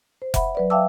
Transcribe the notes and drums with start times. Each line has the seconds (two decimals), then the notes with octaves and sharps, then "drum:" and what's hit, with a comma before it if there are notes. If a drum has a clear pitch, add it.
0.22 C5
0.34 E5 F#5 B5, drum: kick F1, hi-hat
0.55 F#3 B4 D5
0.70 E5 F5 G5 A5 D6 E6